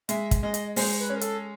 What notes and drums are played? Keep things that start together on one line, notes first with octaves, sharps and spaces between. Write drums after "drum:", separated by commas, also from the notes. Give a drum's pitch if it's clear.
G#3 E5, drum: hi-hat
drum: kick, hi-hat
G#3 D#5
drum: hi-hat
G#3 C5, drum: open hi-hat
B4
C#4
A#4
A4, drum: hi-hat